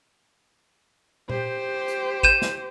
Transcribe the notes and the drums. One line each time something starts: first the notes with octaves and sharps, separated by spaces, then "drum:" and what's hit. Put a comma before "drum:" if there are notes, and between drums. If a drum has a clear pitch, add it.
G4 C5, drum: tom A#2
drum: hi-hat
G6 D#7 E7, drum: kick
drum: snare